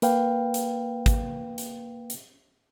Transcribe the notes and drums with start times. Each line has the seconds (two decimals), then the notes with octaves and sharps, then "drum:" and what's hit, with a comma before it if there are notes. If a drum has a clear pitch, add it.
0.02 A#3 B4 F5 G5, drum: hi-hat
0.54 drum: hi-hat
1.06 drum: kick, hi-hat
1.58 drum: hi-hat
2.10 drum: hi-hat